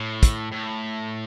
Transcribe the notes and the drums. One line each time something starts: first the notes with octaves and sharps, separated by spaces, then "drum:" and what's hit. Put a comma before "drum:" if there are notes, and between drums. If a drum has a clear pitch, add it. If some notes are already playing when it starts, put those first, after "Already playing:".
Already playing: A2
drum: kick, hi-hat
A2